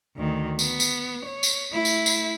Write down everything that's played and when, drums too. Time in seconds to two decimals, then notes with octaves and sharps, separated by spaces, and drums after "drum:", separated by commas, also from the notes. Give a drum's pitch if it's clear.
0.16 D2 D#3
0.59 B3, drum: tambourine
0.80 drum: tambourine
1.25 C#5
1.43 drum: tambourine
1.71 A3 E4
1.85 drum: tambourine
2.06 drum: tambourine